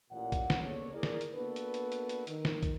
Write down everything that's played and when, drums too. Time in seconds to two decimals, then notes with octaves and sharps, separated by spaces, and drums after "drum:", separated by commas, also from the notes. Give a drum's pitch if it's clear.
0.10 A1 A#2 F#5
0.32 drum: kick, hi-hat
0.50 drum: snare
0.62 C#3 A#3 B3 D4 A4 C#5
0.93 E4 G#4 A#4 D5
1.03 drum: snare
1.21 drum: hi-hat
1.34 A#3 B3 D4 F#4 A4 B4
1.56 drum: hi-hat
1.74 drum: hi-hat
1.92 drum: hi-hat
2.09 drum: hi-hat
2.27 D#3, drum: hi-hat
2.45 drum: snare
2.63 drum: kick, hi-hat